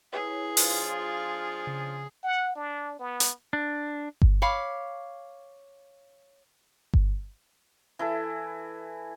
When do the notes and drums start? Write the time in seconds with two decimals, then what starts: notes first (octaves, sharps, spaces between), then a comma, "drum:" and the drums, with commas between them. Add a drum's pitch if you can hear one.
0.13 E4 G#4 B4 C#5
0.57 F3 D4 F4, drum: open hi-hat
1.17 F6
1.67 C#3
2.24 F#5
2.56 D4
2.99 B3
3.20 drum: hi-hat
3.53 D4
4.22 drum: kick G1
4.42 C#5 F5 B5 D6
6.94 drum: kick G1
7.99 E3 E4 A4